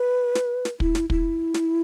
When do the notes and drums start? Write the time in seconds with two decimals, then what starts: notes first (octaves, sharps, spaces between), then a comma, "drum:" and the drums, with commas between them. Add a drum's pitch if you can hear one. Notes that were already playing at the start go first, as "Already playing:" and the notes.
Already playing: B4
0.35 drum: snare
0.65 drum: snare
0.80 E4, drum: kick
0.95 drum: snare
1.10 E4, drum: kick
1.54 drum: snare